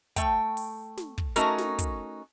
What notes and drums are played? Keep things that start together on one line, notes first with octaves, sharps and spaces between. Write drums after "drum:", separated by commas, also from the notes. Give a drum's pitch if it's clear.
A3 G5, drum: kick, hi-hat
drum: open hi-hat
drum: snare
drum: kick
A3 C#4 D#4 F#4 A#4, drum: hi-hat
drum: snare
drum: kick, hi-hat